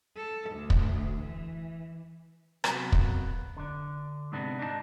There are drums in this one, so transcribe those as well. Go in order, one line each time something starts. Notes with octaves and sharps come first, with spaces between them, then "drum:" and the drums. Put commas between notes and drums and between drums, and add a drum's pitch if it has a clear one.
A4
D2
drum: kick
E3
C3 F#3 A#3 B3, drum: rim click
drum: kick
D3 D4
G#2 C3 B3 D4
D4 D#4 G4 A5